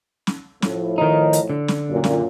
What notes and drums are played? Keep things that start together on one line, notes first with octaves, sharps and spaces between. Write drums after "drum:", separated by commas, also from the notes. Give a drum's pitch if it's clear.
drum: snare
A2 F3, drum: snare
D#3 D#4
drum: hi-hat
D3
drum: snare
F#2 A#2
drum: snare